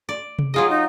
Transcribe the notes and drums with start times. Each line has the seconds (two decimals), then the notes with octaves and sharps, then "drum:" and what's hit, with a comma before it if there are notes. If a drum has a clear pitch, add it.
0.09 D5
0.39 drum: tom C3
0.54 F#3 F4 G#4 D#5
0.70 D#4